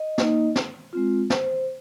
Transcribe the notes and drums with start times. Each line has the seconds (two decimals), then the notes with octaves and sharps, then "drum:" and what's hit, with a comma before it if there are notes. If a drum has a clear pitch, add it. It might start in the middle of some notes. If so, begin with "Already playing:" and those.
Already playing: D#5
0.18 A#3 D#4, drum: snare
0.56 drum: snare
0.93 G#3 C4 F4
1.30 C5, drum: snare